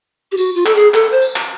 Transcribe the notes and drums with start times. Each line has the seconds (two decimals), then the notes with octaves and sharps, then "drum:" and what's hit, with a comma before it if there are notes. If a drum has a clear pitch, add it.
0.32 G4
0.37 F#4, drum: tambourine
0.55 F4
0.66 A4, drum: clap
0.75 G#4
0.94 A4, drum: clap
1.12 C5
1.22 drum: tambourine
1.36 drum: clap